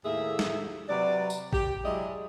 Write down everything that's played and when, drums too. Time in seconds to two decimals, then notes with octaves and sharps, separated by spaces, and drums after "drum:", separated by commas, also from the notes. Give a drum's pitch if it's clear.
0.05 D#2 A2 A#3 G#4 E5
0.39 drum: snare
0.89 C3 F#3 B4 D5
1.30 drum: tambourine
1.53 G4, drum: kick
1.84 F#3 G#3 E4 G#4 D5 D#5